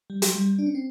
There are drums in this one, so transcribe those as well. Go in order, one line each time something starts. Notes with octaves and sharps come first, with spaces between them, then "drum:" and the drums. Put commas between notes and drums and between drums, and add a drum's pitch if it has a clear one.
G3
F#3, drum: hi-hat
G3
D4
C#4
C4